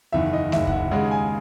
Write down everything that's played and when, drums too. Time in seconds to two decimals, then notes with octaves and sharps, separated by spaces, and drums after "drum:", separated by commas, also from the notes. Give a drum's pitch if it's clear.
0.12 F#1 E2 D#3 E5
0.33 D#5
0.52 F#1 E2 D#3 E5, drum: snare A3
0.67 F#5, drum: kick C#2
0.72 E5
0.91 D#2 C#3 G#3 F#5
1.11 G#5